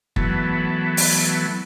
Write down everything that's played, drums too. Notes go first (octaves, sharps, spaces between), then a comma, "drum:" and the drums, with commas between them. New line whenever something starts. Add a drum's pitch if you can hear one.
E3 F#3 A3 B3, drum: kick
drum: open hi-hat